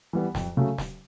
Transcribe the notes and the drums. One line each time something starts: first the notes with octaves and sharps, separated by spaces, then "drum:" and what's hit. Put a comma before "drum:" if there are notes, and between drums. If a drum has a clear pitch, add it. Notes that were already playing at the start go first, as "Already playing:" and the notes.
E3 G3 B3
F2, drum: snare
C#3 F#3 A3
drum: snare